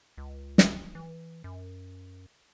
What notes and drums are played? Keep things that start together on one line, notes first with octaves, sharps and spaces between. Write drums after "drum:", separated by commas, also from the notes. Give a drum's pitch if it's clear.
C#2
drum: snare
E3
F#2